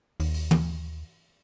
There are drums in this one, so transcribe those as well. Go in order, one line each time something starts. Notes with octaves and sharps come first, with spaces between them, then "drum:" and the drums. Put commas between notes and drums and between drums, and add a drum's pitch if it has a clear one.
D#2, drum: open hi-hat
drum: open hi-hat
drum: tom